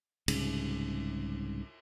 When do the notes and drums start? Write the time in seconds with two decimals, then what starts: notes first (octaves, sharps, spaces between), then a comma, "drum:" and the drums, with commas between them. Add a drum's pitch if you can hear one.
0.28 C2 G#2 C#3, drum: cymbal